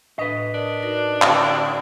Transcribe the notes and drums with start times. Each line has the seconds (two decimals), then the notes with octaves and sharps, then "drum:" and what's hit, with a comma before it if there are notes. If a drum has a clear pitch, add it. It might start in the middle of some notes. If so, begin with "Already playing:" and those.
0.18 A2 D4 B4 D#5
0.54 D4 A#4
0.82 D#4 F#4 A#4
1.22 D3 C#4, drum: clap